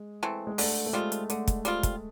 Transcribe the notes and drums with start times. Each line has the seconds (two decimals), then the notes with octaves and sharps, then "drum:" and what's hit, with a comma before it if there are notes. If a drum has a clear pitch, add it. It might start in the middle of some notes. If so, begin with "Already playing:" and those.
Already playing: G#3
0.23 E3 A3 C4
0.47 G#3
0.58 D3 A3, drum: open hi-hat
0.86 A3
0.93 G3 G#3 C4 F4
1.12 drum: hi-hat
1.30 D3 A3, drum: hi-hat
1.48 drum: kick, hi-hat
1.65 G3 C4 F4, drum: hi-hat
1.83 drum: kick, hi-hat